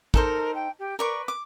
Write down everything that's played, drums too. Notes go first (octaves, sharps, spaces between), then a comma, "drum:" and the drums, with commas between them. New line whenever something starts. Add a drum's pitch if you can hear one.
D#4 A4 A#4 C5, drum: kick
G5
G4
A#4 B4 D5 C#6
D6